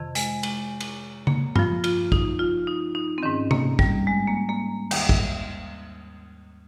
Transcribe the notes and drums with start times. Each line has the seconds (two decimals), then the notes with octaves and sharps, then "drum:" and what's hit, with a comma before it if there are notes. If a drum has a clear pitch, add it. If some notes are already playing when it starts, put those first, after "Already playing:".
Already playing: F2 C3 D#3
0.15 G#3, drum: hi-hat
0.43 G#3, drum: cymbal
0.80 drum: cymbal
1.27 A#3, drum: tom C#3
1.56 G2 F3 F4, drum: tom G2
1.84 F4, drum: cymbal
2.12 D#4, drum: kick
2.39 F4
2.67 D#4
2.95 D#4
3.18 C4
3.23 G#2 D#3 C#4
3.51 A#3, drum: tom C3
3.79 G3, drum: kick
4.07 G#3
4.28 A#3
4.49 A#3
4.91 D#2 D#3, drum: cymbal
5.09 drum: kick